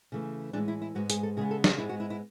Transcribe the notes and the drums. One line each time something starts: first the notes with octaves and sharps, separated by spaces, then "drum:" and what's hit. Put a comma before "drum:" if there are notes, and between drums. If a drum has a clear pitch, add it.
C#3 E3 A3
A2 E3 G#3 B3 D4
E4
E4
G#2 G#3 B3 F#4
G#4, drum: hi-hat
A4
C#3 G#3 B3 G#4
A4
F#4, drum: snare
G#2 G#3 B3 E4
F#4
E4
E4